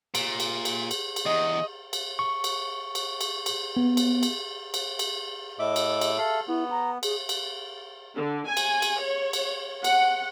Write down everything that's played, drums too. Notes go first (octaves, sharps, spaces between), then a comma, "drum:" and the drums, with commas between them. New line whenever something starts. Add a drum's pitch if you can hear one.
A#2, drum: cymbal
drum: cymbal
drum: cymbal
drum: cymbal
drum: cymbal
E2 D#5
drum: cymbal
C#6
drum: cymbal
drum: cymbal
drum: cymbal
drum: cymbal
B3
drum: cymbal
drum: cymbal
drum: cymbal
drum: cymbal
A2 D#5 E5 D6
drum: cymbal
drum: cymbal
A4 E5 F5
B3 E4
A#5
G#4, drum: cymbal
drum: cymbal
D3
G#5
drum: cymbal
drum: cymbal
C#5
drum: cymbal
F#5, drum: cymbal